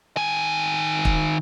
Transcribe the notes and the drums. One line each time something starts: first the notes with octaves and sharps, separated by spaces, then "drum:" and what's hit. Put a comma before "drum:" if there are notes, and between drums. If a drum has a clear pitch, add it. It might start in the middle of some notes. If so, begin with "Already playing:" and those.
D#3 G#5
drum: kick